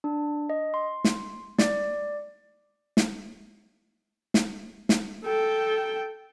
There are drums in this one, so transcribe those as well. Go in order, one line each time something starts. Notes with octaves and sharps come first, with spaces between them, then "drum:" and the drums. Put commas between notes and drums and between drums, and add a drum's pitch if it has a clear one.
D4
D#5
C6
drum: snare
D5, drum: snare
drum: snare
drum: snare
drum: snare
A4 G5